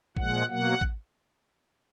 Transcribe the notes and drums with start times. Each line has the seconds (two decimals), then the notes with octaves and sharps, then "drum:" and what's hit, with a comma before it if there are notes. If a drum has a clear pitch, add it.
0.17 A#2 F3 G#3 F#5, drum: kick
0.49 B2 F#3 A#3 F#5
0.81 drum: kick